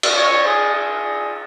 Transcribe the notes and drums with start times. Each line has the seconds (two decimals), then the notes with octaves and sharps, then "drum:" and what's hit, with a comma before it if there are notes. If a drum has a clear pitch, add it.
0.03 drum: cymbal
0.16 C#5
0.46 G#4
0.75 G#4